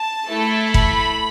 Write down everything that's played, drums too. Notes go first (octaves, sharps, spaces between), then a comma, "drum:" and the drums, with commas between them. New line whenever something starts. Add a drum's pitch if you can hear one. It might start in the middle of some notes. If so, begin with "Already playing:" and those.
Already playing: A5
A3 E4 A4
B5, drum: kick